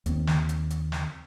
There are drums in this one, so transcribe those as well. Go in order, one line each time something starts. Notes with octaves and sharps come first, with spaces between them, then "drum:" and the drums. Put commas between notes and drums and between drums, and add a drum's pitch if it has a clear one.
D#2 C4, drum: hi-hat
drum: snare
drum: hi-hat
drum: hi-hat
drum: snare